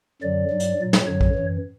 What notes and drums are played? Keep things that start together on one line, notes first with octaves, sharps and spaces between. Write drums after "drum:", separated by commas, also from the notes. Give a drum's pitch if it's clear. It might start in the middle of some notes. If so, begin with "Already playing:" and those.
F#2 D3 F#3 D5
G2 F#3
drum: hi-hat
A#2 F#3
drum: snare
F#2 D3 F#3 C#5
drum: kick
F#2 E3